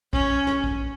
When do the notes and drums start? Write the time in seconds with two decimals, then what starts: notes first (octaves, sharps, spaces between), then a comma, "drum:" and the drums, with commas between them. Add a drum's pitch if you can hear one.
0.13 C#4, drum: kick A#1
0.47 drum: snare
0.64 drum: kick A#1